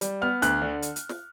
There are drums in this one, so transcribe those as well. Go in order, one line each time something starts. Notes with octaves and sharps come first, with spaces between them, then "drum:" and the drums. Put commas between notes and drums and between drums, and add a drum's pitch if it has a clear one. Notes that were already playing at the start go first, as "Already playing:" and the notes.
G3, drum: hi-hat
B3 F6
D2 F#6, drum: hi-hat
D3
drum: hi-hat
drum: hi-hat
drum: snare